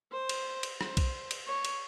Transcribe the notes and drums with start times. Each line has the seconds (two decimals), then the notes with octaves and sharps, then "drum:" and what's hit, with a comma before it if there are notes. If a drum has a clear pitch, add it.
0.12 C5
0.29 drum: cymbal
0.63 drum: cymbal
0.81 C5, drum: rim click
0.97 drum: kick B1, cymbal
1.31 drum: cymbal
1.48 C#5
1.65 drum: cymbal